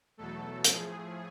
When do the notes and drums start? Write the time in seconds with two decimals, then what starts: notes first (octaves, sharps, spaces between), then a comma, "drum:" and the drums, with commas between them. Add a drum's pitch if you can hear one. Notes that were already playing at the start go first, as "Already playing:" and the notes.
0.17 E2 B2 F#3 A3 A4
0.64 A2 F3 A3 G#4, drum: hi-hat